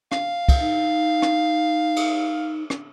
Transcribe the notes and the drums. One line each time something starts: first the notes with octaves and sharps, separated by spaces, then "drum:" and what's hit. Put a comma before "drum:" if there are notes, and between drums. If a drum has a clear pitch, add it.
F5, drum: rim click
drum: kick, cymbal
D#4
drum: rim click
drum: cymbal
drum: rim click